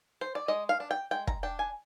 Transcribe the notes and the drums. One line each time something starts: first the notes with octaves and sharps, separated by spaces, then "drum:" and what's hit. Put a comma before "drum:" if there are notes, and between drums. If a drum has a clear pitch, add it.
C5
D5
G#3 D#5
F5
D4
G5
G#3 G5
A#5, drum: kick
D4 G5
G#5